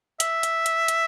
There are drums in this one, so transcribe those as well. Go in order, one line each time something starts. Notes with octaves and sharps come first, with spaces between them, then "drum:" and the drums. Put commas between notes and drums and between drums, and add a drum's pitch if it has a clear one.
E5, drum: hi-hat
drum: hi-hat
drum: hi-hat
drum: hi-hat